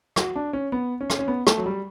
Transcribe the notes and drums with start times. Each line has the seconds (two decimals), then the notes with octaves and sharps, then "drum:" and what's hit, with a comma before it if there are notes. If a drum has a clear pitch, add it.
0.16 F#4, drum: rim click
0.36 D4
0.53 C#4
0.72 B3
1.01 C#4
1.10 drum: rim click
1.19 C#4
1.28 B3
1.47 A3, drum: rim click
1.58 F#3
1.66 G3